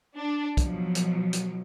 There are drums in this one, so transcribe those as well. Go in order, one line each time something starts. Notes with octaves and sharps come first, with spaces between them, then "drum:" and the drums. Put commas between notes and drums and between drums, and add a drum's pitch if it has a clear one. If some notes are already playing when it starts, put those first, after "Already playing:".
D4
B2 F3 F#3, drum: kick, hi-hat
drum: hi-hat
drum: hi-hat